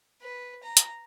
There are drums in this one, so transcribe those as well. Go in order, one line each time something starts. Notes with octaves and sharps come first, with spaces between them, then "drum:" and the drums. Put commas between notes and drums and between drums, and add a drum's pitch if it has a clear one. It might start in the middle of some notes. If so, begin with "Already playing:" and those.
B4
A#5
drum: hi-hat